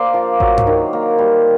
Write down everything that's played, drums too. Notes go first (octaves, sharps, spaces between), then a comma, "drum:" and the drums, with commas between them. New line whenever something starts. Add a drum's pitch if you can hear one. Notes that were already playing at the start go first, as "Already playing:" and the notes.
Already playing: A#3 C5 D5
F3
F#3, drum: kick A1
drum: tom G2
D#3
A#3
G3